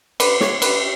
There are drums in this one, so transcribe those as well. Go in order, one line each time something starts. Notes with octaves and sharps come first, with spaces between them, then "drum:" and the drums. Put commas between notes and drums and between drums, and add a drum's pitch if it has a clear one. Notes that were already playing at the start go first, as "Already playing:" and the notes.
D3 B4, drum: cymbal
D3 C#5, drum: snare
D3 B4, drum: cymbal